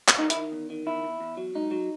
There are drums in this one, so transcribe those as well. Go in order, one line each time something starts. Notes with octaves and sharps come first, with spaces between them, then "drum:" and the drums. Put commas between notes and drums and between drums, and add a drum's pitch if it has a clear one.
drum: clap
D#3 D#4
E4, drum: hi-hat
D#3
E2
D#3
E2 E4
E2
E2
F#3
G#2 D#4
F#3